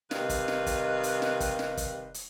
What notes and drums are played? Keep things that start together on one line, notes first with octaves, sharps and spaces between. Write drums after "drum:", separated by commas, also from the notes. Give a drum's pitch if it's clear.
C3 D#3 G3 B4 D#5 F5, drum: snare
drum: kick, hi-hat
drum: snare
drum: kick, hi-hat
drum: hi-hat
drum: snare
drum: kick, hi-hat
drum: snare
drum: kick, hi-hat
drum: hi-hat